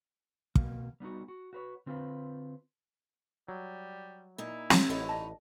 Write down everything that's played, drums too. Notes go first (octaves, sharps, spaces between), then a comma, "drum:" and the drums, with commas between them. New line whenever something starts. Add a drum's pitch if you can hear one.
B2 A#3, drum: kick
G3 B3 D#4 F#4
F#4
F#4 B4 C#5
D3 C4 F4 B4
F#3 G3
A#2 D#4 E4
drum: snare
A1 D#4 B4 C#5
D5 D#5 A5